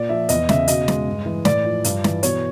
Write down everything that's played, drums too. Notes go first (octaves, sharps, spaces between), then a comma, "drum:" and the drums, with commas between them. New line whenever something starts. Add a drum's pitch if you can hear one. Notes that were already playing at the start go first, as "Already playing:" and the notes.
Already playing: A#2 D5
F3 E5
E2 D#5, drum: hi-hat
C#3 E5, drum: snare
B2 D#5, drum: hi-hat
G#3, drum: snare
G2
E3
A2 D5, drum: snare
F3
G2, drum: hi-hat
E3, drum: snare
B2 C#5, drum: hi-hat